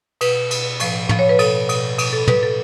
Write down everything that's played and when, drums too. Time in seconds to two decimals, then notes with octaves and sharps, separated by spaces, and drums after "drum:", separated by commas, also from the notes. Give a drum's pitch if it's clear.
0.21 B2 B4, drum: cymbal
0.51 B2, drum: cymbal
0.80 A2 F3, drum: cymbal
1.09 A2 F3, drum: tom
1.19 C#5
1.29 B4
1.39 B2 A4, drum: cymbal
1.69 B2, drum: cymbal
1.98 B2, drum: cymbal
2.13 A4
2.28 B2 B4, drum: tom
2.43 A4